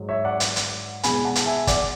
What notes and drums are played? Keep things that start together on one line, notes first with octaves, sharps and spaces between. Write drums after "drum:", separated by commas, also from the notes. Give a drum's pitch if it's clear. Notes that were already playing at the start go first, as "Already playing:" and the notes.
Already playing: G#2 F#3
C#5 E5
D5 F#5
drum: hi-hat
drum: hi-hat
E2 B2 G#3 G#5 B5, drum: hi-hat
F#5 A5
drum: hi-hat
E5 G#5
D5 F#5, drum: kick, hi-hat